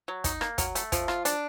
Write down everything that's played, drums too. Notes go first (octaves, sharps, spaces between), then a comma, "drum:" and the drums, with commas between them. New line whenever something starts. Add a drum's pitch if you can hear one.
F#3
D#4, drum: kick, hi-hat
A#3, drum: rim click
F#3, drum: kick, hi-hat
A3, drum: hi-hat
F3, drum: kick, hi-hat
F4, drum: rim click
D4, drum: hi-hat